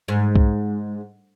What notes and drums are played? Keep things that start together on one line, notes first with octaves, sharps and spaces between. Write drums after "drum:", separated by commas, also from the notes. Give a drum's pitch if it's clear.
G#2
drum: kick B1